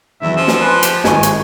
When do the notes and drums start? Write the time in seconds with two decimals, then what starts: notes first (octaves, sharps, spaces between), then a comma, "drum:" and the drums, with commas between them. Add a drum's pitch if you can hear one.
0.22 E2 E3 F#3 E5
0.36 F3 C#4 E6
0.48 drum: snare
0.61 B4 G#5 C6 D6
0.83 G4, drum: hi-hat
1.04 G#1 E4 G#5 C#6, drum: snare
1.23 drum: hi-hat